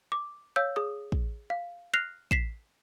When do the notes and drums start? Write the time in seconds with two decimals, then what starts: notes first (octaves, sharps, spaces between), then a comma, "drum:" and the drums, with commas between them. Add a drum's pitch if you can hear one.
0.12 D6
0.56 C#5 F5 E6 G6
0.76 G#4 D#6
1.12 drum: kick
1.50 F5
1.93 F6 F#6 A#6 C7 F7
2.31 B6 C7 E7, drum: kick